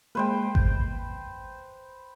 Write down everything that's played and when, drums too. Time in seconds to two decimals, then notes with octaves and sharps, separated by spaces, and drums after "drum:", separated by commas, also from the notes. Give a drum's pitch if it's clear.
0.15 G#3 A#3 B4 C5 G5
0.55 G6, drum: kick G#1